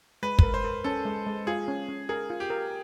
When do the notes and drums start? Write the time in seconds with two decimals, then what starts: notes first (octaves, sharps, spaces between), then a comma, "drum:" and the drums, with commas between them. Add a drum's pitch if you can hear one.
0.23 G#3 B4
0.39 A#4 B4, drum: kick
0.54 C5
0.64 A#4
0.84 C#4 A4
1.05 G#3
1.27 G#3
1.47 F4 G#4
1.68 C#4
1.89 C#4
2.09 G#4 A#4
2.30 F4
2.40 G4
2.50 A#4